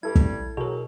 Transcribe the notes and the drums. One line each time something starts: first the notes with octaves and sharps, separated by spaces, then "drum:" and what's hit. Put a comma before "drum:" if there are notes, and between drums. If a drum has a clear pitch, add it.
G2 G3 E4 A4 G#6
drum: kick
B2 F#3 G#4 A#4